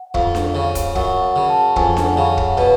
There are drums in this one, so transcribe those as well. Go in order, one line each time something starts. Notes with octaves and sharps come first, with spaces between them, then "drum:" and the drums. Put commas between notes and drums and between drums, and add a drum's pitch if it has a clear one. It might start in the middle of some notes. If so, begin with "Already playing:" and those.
Already playing: F#5
F2 F5, drum: kick
drum: snare D4
C#3
drum: kick, hi-hat
F#2 F#5, drum: kick
F#5
C#3
A5
F2 G#5, drum: kick
F#5, drum: snare D4
C#3 F5
F#5, drum: kick
B2, drum: kick